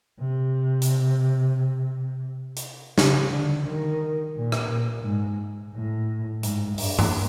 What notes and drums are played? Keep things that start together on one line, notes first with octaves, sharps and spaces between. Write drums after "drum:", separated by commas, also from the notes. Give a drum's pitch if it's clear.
C3
drum: hi-hat
drum: hi-hat
C#3, drum: snare
D3
D#3
A#2
drum: rim click
A#2
G#2
A2
G#2, drum: hi-hat
G2, drum: open hi-hat
drum: tom G2